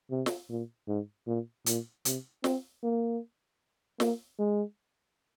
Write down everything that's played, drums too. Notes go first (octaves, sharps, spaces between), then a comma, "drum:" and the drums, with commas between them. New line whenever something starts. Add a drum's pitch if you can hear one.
C3
drum: snare
A#2
G#2
A#2
A#2, drum: hi-hat
C3, drum: hi-hat
C4, drum: snare
A#3
A#3, drum: snare
G#3